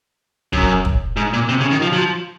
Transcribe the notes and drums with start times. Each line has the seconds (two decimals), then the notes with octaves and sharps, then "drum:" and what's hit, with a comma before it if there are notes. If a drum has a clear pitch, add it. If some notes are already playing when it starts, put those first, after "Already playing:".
0.53 F#2, drum: kick
0.85 drum: kick
1.16 G#2
1.33 A#2
1.49 C3
1.60 C#3
1.71 D#3
1.82 F3
1.93 F#3
1.98 F3